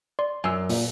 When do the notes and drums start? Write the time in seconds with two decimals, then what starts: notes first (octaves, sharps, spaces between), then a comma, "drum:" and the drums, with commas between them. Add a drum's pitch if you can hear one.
0.19 D5 C6
0.44 F#2 G#5 E6
0.69 A#2, drum: open hi-hat